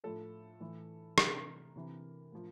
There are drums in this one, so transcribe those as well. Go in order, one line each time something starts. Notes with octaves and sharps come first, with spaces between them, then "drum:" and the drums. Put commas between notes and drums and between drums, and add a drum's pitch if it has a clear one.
A2 F3 A4
A2 E3
C3 E3 A#4, drum: rim click
C3 E3
A2 F3